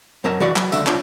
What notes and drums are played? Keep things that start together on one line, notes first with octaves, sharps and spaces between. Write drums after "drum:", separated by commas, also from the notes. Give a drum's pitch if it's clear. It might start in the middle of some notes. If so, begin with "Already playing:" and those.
F#2 F#3 A#4 C#5 D#5 A5
E3 F#4 D5 D#5 F#5
F#3, drum: clap
C#2 D3 E5, drum: tambourine
C#2 D4 F4 C#5 G5, drum: clap